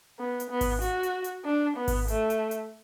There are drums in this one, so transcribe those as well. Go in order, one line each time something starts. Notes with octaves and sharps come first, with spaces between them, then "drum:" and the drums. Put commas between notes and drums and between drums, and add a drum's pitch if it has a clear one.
B3
drum: hi-hat
B3
drum: kick G#1, open hi-hat
F#4, drum: hi-hat
drum: hi-hat
drum: hi-hat
D4
B3
drum: kick G#1, open hi-hat
A3, drum: hi-hat
drum: hi-hat
drum: hi-hat